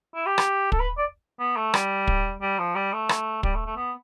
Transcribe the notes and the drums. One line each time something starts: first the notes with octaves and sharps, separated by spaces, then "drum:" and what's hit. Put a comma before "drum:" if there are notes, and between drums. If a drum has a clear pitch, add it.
E4
G4
drum: rim click
A4, drum: kick
B4
D5
B3
A3
G3, drum: rim click
drum: kick
G3
F3
G3
A3
drum: rim click
G3, drum: kick
A3
A3
B3